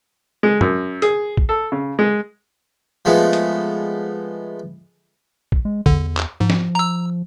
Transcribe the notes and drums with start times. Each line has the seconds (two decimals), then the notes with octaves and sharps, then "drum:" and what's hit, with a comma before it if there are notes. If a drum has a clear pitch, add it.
0.43 G#3
0.61 F#2, drum: tom
1.02 G#4, drum: hi-hat
1.37 drum: kick
1.49 A4
1.72 C#3
1.99 G#3
3.05 F3 G#3 A3 B3
3.33 drum: hi-hat
5.52 drum: kick
5.65 G#3
5.86 E2 D3, drum: kick
6.17 drum: clap
6.40 G#2 F3
6.50 drum: snare
6.75 A#5 E6